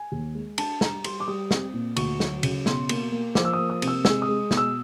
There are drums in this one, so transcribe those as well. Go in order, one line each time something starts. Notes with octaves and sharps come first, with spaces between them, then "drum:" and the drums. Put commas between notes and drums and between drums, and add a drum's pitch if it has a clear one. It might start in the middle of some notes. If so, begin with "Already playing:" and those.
Already playing: G#5
D#2
G#3
D4 A5, drum: cymbal
G3 A#5, drum: snare
G3 C6, drum: cymbal
D6
G3 D#6
C4, drum: snare
A#2
D2 C#6, drum: cymbal
F#3, drum: snare
C#3, drum: cymbal
B2 C6, drum: snare
A#3, drum: cymbal
A#3
F3 D6, drum: snare
E6
D#6
A#3
D#6
C3, drum: cymbal
E6
G#3 E6, drum: snare
D#6
G#3
B2, drum: snare
E6